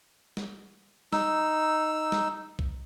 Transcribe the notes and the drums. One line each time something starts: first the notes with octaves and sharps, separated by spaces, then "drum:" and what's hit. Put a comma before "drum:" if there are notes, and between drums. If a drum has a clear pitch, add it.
drum: snare
D#4 E6, drum: snare
drum: snare
drum: kick B1